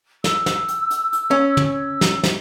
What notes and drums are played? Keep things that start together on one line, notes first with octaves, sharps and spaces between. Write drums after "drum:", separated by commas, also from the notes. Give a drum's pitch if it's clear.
E6, drum: snare
drum: snare
drum: hi-hat
drum: hi-hat
drum: hi-hat
C#4
drum: tom
drum: snare
drum: snare